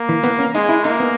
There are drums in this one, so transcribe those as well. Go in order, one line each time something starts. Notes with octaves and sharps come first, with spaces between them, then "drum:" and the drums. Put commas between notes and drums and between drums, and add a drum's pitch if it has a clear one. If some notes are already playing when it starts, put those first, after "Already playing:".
Already playing: A#3
E3
B3, drum: hi-hat
C#4
G#3 D#4, drum: hi-hat
E4
A#3 D#4, drum: hi-hat
B3